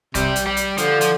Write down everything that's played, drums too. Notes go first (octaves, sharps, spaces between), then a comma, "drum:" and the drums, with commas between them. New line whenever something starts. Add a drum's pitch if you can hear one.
C3 G3, drum: kick B1, hi-hat
drum: hi-hat
G3
drum: hi-hat
D3 F3, drum: hi-hat
F3, drum: hi-hat